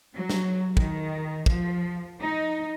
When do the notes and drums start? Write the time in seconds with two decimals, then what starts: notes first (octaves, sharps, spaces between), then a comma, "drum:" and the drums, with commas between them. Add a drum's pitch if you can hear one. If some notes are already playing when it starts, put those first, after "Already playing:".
0.16 F#3
0.29 drum: snare
0.77 D#3, drum: kick
1.46 F3, drum: kick
2.20 D#4